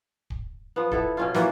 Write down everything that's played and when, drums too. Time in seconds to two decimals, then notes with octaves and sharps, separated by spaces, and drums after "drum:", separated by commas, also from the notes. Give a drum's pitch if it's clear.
0.30 drum: kick
0.76 F3 B3
0.91 B3 E4 A4, drum: kick
1.17 B2 C#4 F4
1.34 E3 A#3 F4 F#4, drum: snare